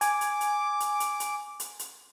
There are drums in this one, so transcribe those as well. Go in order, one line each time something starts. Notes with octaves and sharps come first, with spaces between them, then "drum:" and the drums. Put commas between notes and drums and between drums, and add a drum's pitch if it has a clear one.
G#5 D6, drum: hi-hat
drum: hi-hat
drum: hi-hat
drum: hi-hat
drum: hi-hat
drum: hi-hat
drum: hi-hat
drum: hi-hat